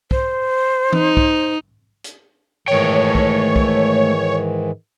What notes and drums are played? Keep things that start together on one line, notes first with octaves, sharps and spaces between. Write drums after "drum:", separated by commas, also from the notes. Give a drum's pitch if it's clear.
C5, drum: kick
D#4, drum: tom E3
drum: kick
drum: hi-hat
G#2 D#3 E3 A3 C#5 G5
drum: kick
drum: kick